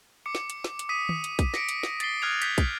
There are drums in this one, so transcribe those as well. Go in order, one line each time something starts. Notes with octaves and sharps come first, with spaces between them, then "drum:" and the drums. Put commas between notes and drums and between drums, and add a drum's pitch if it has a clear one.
D6 C#7
drum: snare
drum: hi-hat
drum: snare
drum: hi-hat
D#6 B6 D#7
drum: tom
drum: hi-hat
drum: kick, hi-hat
A#6 B6 C#7 D7, drum: snare
drum: hi-hat
drum: snare
A6 B6 C7 G7, drum: hi-hat
D#6 F6 F#6 G#6 F7
G6 B6, drum: hi-hat
drum: kick, hi-hat